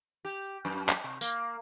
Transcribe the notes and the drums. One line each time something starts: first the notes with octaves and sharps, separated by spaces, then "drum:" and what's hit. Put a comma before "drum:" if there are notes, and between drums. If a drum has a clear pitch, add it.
G4
F#2
drum: clap
C3
A#3, drum: tambourine